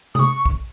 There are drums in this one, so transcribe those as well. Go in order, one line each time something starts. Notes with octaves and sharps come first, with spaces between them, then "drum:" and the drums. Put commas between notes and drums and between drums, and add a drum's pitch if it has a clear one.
D#6, drum: tom C3
C#6
drum: kick